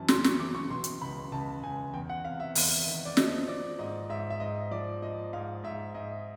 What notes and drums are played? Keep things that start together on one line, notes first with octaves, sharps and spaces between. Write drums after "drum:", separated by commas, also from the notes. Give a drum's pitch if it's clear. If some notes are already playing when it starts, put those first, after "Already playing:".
Already playing: F#2 E3 A5
C#3 C6, drum: snare
C#6, drum: snare
E3 D6
C#6
B2 C6
drum: hi-hat
C#2 B5
C#2 A5
C#2 G#5
E2 G5
F#5
C3 F5
E5
E2, drum: open hi-hat
D#3
D5
F3 D#5, drum: snare
F3 D5
G#2 D#5
G#2 E5
E5
G#2 D#5
F3 D5
F3 D#5
G#2 F5
G#2 E5
G#2 D#5